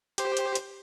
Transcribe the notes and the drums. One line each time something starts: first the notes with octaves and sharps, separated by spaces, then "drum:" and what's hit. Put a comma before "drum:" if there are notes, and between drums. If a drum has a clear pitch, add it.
G4 C5, drum: hi-hat
drum: hi-hat
drum: hi-hat